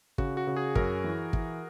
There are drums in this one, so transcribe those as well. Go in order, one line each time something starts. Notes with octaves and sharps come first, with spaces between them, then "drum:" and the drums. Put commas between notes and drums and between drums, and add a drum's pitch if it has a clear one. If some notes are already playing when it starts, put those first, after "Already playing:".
C#3 F#4, drum: kick
F#4
C#3
G#4
F#2 A#4, drum: kick
E3
E3, drum: kick